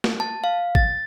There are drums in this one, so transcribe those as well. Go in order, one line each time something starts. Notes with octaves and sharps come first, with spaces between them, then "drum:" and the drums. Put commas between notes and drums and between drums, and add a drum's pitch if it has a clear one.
drum: snare A3
A5
F5
A6, drum: kick G#1